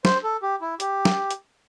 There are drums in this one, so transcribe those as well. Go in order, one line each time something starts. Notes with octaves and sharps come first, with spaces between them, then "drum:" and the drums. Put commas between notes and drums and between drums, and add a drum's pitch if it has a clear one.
C5, drum: snare
A4
G4
E4
G4, drum: hi-hat
drum: snare
drum: hi-hat